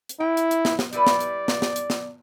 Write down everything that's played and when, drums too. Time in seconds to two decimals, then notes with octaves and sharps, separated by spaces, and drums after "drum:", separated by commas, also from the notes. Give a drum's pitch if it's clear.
0.09 drum: hi-hat
0.20 E4 G5
0.37 drum: hi-hat
0.51 drum: hi-hat
0.65 drum: snare
0.79 drum: snare
0.93 G3 E4 B4 D5, drum: hi-hat
1.07 drum: snare
1.20 drum: hi-hat
1.48 drum: snare
1.62 drum: snare
1.76 drum: hi-hat
1.90 drum: snare